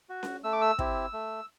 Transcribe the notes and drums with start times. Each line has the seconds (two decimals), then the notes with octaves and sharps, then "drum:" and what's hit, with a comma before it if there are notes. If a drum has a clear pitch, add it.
0.09 F#4
0.23 drum: snare C#4
0.44 A3 E6
0.53 D6
0.61 E6
0.79 C4 E4 G4, drum: kick
1.13 A3